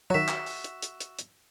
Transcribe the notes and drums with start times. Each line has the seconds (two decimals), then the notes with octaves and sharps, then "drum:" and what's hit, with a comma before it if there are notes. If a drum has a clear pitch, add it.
0.10 D#3 F#3 F#4 E5
0.28 drum: clap
0.46 drum: open hi-hat
0.64 drum: hi-hat
0.82 drum: hi-hat
1.00 drum: hi-hat
1.19 drum: hi-hat